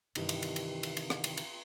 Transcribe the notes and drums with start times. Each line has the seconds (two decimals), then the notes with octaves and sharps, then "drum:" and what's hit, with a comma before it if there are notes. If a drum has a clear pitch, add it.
0.15 G2 C3 D#3 E3 E4 G4, drum: cymbal
0.29 drum: cymbal
0.42 drum: cymbal
0.56 drum: cymbal
0.83 drum: cymbal
0.97 drum: cymbal
1.10 drum: rim click
1.24 drum: cymbal
1.37 drum: cymbal